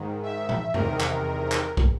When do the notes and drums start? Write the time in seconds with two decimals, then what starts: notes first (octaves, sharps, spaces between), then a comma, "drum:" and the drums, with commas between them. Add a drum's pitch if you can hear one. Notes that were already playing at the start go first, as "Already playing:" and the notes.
Already playing: G#2 D#3
0.23 E5
0.49 drum: tom A#2
0.74 E2 C3 D#3 A#4, drum: tom F2
1.00 drum: clap
1.52 drum: clap
1.77 drum: kick